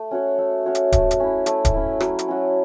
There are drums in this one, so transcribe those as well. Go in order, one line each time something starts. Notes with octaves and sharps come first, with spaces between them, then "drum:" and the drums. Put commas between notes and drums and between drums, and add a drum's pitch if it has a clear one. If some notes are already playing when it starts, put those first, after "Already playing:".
Already playing: A3
C#4 F#4 C#5
A3
C#4 F#4 C#5
drum: hi-hat
A3, drum: kick D1, hi-hat
drum: hi-hat
C#4 E4
A3, drum: hi-hat
drum: kick D1, hi-hat
C#4 E4
F#3, drum: rim click
drum: hi-hat
C#4 F#4